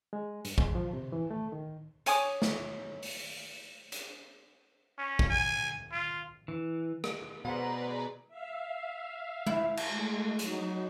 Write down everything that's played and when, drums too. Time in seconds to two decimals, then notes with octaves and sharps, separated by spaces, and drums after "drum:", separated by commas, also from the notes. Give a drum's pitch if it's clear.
0.13 G#3
0.45 G2, drum: hi-hat
0.58 G#3, drum: kick A1
0.75 F3
0.93 C3
1.12 E3
1.31 A3
1.52 D#3
2.06 C#5 G#5 D6 D#6, drum: hi-hat
2.42 drum: snare
3.03 drum: open hi-hat
3.92 drum: hi-hat
4.98 C#4
5.19 drum: kick A1
5.30 G#5
5.92 F4
6.48 E3
7.04 drum: rim click
7.45 B2 G#4 B4 C5 D5 F#5 A#5 B5
8.28 E5 F5
9.46 E4, drum: tom G#3
9.77 drum: cymbal
9.89 G#3 A3
10.39 F#3 D#4, drum: hi-hat